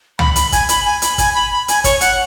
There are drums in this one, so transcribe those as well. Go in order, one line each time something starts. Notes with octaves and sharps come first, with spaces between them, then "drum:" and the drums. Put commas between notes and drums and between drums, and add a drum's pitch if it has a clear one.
B5, drum: tom
B5, drum: hi-hat
G#5, drum: kick G#1, hi-hat
B5, drum: hi-hat
G#5
B5, drum: hi-hat
G#5, drum: kick G#1, hi-hat
B5
B5
G#5, drum: hi-hat
C#5, drum: kick G#1, hi-hat
F#5, drum: hi-hat